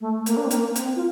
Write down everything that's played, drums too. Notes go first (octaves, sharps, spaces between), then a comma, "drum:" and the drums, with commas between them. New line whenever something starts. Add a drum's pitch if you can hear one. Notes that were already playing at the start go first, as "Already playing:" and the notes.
A3
A#3, drum: hi-hat
D4
C4
A#3, drum: hi-hat
C4, drum: hi-hat
F4